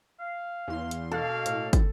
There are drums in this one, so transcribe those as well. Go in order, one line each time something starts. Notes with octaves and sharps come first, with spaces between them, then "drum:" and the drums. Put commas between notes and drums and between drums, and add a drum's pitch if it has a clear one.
F5
E2 C6
drum: hi-hat
B2 A#3 A4 F5
A2, drum: hi-hat
drum: kick, hi-hat